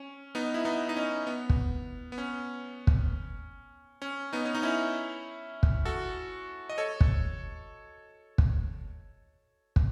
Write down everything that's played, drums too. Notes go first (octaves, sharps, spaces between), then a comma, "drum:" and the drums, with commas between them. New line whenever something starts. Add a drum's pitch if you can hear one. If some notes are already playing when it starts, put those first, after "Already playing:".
Already playing: C#4
B3 D#4
E4
B3 D#4
D#4
C#4
B3
drum: kick
B3
C#4
drum: kick
C#4
B3 D#4
C#4
D#4
C#4 E4
drum: kick
F#4 A4
D#5
A4 C#5
drum: kick
drum: kick
drum: kick